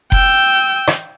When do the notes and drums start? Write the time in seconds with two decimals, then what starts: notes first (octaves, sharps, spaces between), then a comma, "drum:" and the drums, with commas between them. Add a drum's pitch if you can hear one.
0.12 G5 E6, drum: kick F1
0.87 drum: rim click